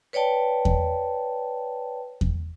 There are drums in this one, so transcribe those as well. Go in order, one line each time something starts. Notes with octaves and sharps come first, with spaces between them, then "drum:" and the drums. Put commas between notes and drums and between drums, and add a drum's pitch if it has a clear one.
B4 C#5 D5 G5 A5
drum: kick E2
drum: kick E2